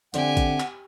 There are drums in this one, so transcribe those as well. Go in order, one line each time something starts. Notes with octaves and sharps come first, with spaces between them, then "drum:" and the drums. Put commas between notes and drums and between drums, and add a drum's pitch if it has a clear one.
D3 C4 G4 D5 E5 F#5 G#5, drum: hi-hat
drum: kick, hi-hat
drum: clap